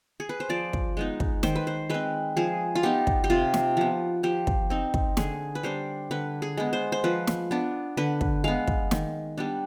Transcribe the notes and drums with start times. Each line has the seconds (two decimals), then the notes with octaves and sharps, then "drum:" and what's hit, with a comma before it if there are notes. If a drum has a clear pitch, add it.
0.20 G#4
0.29 B4
0.40 C5
0.49 F3 D5
0.73 drum: kick
0.97 G#3 B3 D#4
1.20 drum: kick
1.43 D#3 C5, drum: snare
1.56 B4
1.67 C5
1.90 G#3 C4 B4
2.37 F3 G#4
2.75 F4
2.83 B3 D#4 G4
3.07 drum: kick
3.24 G4
3.30 C3 F4
3.54 drum: snare
3.77 F3 B3
4.23 F3 G4
4.47 drum: kick
4.70 C4 D#4
4.94 drum: kick
5.17 D3 G#4, drum: snare
5.55 B4
5.63 G3 D4 C5
6.11 D3 B4
6.42 G#4
6.57 G#3 B3
6.73 C5
6.92 C5
7.04 F3 B4
7.27 drum: snare
7.51 B3 D4
7.97 D3 B4
8.21 drum: kick
8.44 G#3 B3 F5
8.67 drum: kick
8.91 D#3, drum: snare
9.38 G3 B3 D4